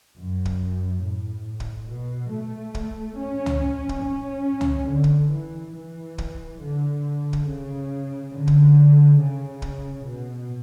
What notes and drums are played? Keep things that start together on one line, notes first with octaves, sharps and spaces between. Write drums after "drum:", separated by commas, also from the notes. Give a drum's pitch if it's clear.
F#2
drum: kick
A2
drum: kick
B2
A3
drum: kick
C#4
drum: tom C#2
drum: kick
C#4
drum: tom C#2
D3
drum: kick
E3
E3
drum: kick
D3
drum: kick
C#3
D3
drum: kick
C#3
drum: kick
B2